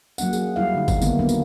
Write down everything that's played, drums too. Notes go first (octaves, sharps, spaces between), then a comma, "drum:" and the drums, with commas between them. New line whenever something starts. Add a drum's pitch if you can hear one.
F#3 A#3 D4 F#5, drum: tambourine
G#4, drum: tambourine
F#3 G3 E4 F5
D3 D#4
drum: kick G#1, tambourine
D3 D#3 G#3 A#3 B3 E4, drum: tambourine
C#3 F#3 A#3 B3 D4 D#4
drum: tambourine